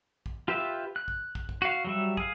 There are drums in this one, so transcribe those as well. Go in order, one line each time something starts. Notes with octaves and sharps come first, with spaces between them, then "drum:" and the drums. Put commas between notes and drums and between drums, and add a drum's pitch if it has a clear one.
drum: kick
F4 G4 B4 E5
F#6
drum: kick
drum: kick
drum: kick
F#4 F5
F#3 G3 E5
G#4 F5, drum: kick